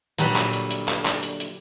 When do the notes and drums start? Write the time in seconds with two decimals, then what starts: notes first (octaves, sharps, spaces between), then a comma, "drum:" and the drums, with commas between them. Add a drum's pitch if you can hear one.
0.18 A#2 D3 F#3 G3 B4, drum: hi-hat
0.36 drum: clap
0.53 drum: hi-hat
0.71 drum: hi-hat
0.88 drum: clap
1.05 drum: clap
1.23 drum: hi-hat
1.40 drum: hi-hat